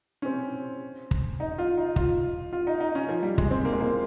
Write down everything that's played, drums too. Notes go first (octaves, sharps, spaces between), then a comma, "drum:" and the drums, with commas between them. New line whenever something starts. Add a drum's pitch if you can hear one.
C#4
C4
drum: kick
D#4
F4
D#4
F4, drum: kick
F4
D#4
D#4
C#4
F3
G3
G#3, drum: kick
C4
A#3
G#3
A#3